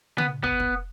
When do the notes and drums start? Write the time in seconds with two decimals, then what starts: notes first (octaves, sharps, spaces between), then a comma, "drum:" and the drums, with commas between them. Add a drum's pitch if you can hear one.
0.18 B3, drum: tom C#3
0.44 B3, drum: kick
0.60 drum: kick